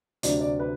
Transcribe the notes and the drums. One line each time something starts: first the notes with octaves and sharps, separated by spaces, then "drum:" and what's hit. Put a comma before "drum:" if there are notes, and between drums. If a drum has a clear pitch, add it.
D2 C3 F#3 D5, drum: hi-hat
D5
B4